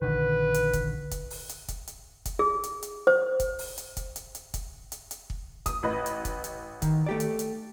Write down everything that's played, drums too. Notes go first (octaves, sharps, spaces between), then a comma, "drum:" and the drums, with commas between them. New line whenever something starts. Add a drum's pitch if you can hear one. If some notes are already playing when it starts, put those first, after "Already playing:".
A#1 D3 D#3 B4
drum: hi-hat
drum: kick, hi-hat
drum: kick, hi-hat
drum: open hi-hat
drum: hi-hat
drum: kick, hi-hat
drum: hi-hat
drum: kick, hi-hat
G#4
drum: hi-hat
drum: hi-hat
C5
drum: kick, hi-hat
drum: open hi-hat
drum: hi-hat
drum: kick, hi-hat
drum: hi-hat
drum: hi-hat
drum: kick, hi-hat
drum: hi-hat
drum: hi-hat
drum: kick
D#6, drum: kick, hi-hat
A1 B4 D#5
drum: hi-hat
drum: kick, hi-hat
drum: hi-hat
D#3, drum: kick, hi-hat
A3 G4 D5
drum: hi-hat
drum: hi-hat